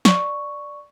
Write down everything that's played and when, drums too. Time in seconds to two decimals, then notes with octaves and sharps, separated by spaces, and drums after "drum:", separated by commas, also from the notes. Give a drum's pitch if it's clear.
0.05 D5 C#6, drum: snare